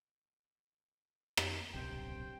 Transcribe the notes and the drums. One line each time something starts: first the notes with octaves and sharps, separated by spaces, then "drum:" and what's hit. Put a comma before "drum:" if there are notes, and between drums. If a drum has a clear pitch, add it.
drum: rim click
D1 B1 G2 C3 C5 G5